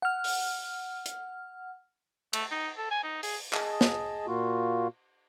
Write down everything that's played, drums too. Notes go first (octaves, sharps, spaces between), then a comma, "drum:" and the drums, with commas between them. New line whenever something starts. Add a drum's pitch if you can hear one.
F#5 F6
drum: open hi-hat
drum: hi-hat
A3, drum: cymbal
D#4
A4
G#5
D#4
G#4, drum: open hi-hat
G#4 D#5 A5, drum: clap
drum: snare
A#2 A#3 F4 F#4